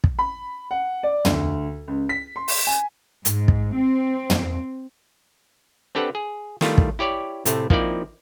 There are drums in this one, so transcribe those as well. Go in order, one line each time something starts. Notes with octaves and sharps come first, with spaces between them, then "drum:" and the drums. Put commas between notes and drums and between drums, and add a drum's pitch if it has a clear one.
drum: kick
B5
F#5
D5
D2, drum: tom
C#2
B6
C6
drum: open hi-hat
G#5
G#2, drum: hi-hat
drum: kick
C4
drum: tom
C4 D4 G4 A4 B4 F#5
G#4
D#3 G3 A3 E4 F4, drum: snare
drum: kick
E4 G4 C#5 D5
A2 C3 A3, drum: hi-hat
F3 A#3 C4 D#4 E4 D5, drum: kick